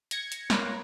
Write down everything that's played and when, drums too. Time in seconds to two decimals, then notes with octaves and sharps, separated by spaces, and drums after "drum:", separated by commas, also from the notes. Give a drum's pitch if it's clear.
0.11 G#6 A#6 C#7, drum: hi-hat
0.32 drum: hi-hat
0.50 A#3 F4 B4 C#5, drum: snare